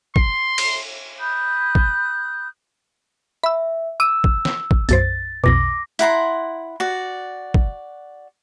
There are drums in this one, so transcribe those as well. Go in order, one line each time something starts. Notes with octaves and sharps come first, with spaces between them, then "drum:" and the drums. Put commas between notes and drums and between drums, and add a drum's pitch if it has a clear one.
C6, drum: kick
drum: cymbal
B5 D#6 F#6 G6
drum: kick
E5 B5 E6
D6 E6 D#7
drum: kick
drum: snare
drum: kick
B1 F#2 C5 A6, drum: hi-hat
B1 F2 B2 D6 A#6
E4 F#5 A#5 C6, drum: hi-hat
F#4 D5
drum: kick